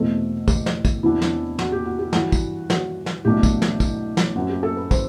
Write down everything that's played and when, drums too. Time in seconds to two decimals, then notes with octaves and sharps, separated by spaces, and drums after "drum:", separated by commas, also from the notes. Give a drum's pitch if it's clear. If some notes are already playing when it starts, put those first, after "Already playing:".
Already playing: E2 B2 A3 C4 A4
0.48 G4, drum: kick, tambourine
0.66 drum: snare
0.85 drum: kick, tambourine
1.03 E2 C3 E3 B3 D4 E4
1.22 drum: snare
1.59 F#4, drum: snare
1.72 G4
1.85 F#4
1.99 G4
2.13 G2 E3 G3 F#4, drum: snare
2.32 drum: kick, tambourine
2.70 F#4, drum: snare
3.06 drum: snare
3.25 C2 B2 F#3 A3 D4 G4
3.43 drum: kick, tambourine
3.62 drum: snare
3.80 drum: kick, tambourine
4.17 drum: snare
4.35 F#2 F#3 C4 F#4
4.50 G4
4.63 A4
4.77 B4
4.91 C5, drum: kick, tambourine